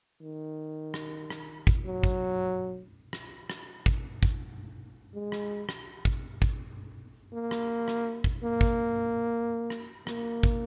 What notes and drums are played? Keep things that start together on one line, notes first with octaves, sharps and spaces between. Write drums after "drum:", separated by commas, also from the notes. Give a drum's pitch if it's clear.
D#3
drum: rim click
drum: rim click
drum: kick
F#3
drum: kick
drum: rim click
drum: rim click
drum: kick
drum: kick
G#3
drum: rim click
drum: rim click
drum: kick
drum: kick
A#3
drum: rim click
drum: rim click
drum: kick
A#3
drum: kick
drum: rim click
A#3, drum: rim click
drum: kick